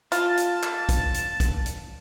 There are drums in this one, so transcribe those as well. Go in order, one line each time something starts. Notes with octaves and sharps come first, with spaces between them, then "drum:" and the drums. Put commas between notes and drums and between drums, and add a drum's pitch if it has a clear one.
F4 A5, drum: hi-hat
drum: hi-hat
drum: clap
drum: kick, hi-hat
drum: hi-hat
drum: kick, hi-hat
drum: hi-hat